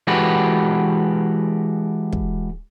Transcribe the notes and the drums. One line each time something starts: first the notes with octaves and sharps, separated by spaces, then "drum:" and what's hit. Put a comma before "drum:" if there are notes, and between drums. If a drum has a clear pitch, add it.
E3 G#3 F#4 G4 A4 B4
drum: kick